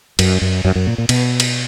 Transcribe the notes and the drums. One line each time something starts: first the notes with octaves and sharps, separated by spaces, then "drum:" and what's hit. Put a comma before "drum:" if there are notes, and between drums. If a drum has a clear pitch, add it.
F#2, drum: cymbal
F#2
F#2
F#2
A#2
A#2
B2, drum: cymbal
drum: cymbal